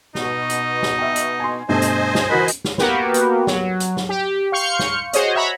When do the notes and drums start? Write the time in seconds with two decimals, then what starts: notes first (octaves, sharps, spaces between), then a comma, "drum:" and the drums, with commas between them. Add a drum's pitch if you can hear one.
0.15 B2 D#4, drum: snare
0.50 drum: hi-hat
0.83 drum: snare
0.99 E5 G5
1.16 drum: hi-hat
1.40 G#5 C6
1.69 G2 B2 A3 C5 D#5 G#5
1.82 drum: hi-hat
2.15 drum: snare
2.30 E3 F#4 A#4 B4
2.48 drum: hi-hat
2.64 drum: snare
2.78 A#3 B3 F#4 G4 A#4 B4, drum: snare
3.14 drum: hi-hat
3.47 F#3, drum: snare
3.80 drum: hi-hat
3.97 drum: snare
4.09 G4
4.52 F5 C6 C#6 F6 G6 C#7
4.79 drum: snare
5.13 F#4 G#4 C5 C#5 D#5, drum: hi-hat
5.35 C#5 E5 F#5 A#5 B5